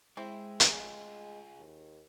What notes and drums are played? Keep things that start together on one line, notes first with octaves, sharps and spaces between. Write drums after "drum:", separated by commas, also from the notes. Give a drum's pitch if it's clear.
G#3 C4 E4
G#3 F4 G#4, drum: hi-hat
D#2